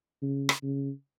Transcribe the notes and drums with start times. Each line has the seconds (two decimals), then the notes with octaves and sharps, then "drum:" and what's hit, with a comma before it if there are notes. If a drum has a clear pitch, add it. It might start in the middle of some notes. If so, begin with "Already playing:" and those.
0.22 C#3
0.49 drum: rim click
0.63 C#3